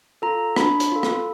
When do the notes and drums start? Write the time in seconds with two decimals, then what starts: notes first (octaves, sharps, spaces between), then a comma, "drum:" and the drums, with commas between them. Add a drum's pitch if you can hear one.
0.22 F4 A4 A#5
0.56 D4 B5, drum: rim click
0.80 drum: hi-hat
0.92 F4 A4
1.03 drum: rim click